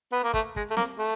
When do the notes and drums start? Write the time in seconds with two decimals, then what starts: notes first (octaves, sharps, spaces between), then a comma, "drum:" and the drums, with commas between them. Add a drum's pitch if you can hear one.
0.12 B3
0.23 A#3
0.34 A3, drum: kick
0.56 G#3, drum: kick
0.70 A3
0.77 A#3, drum: snare C4
0.99 A3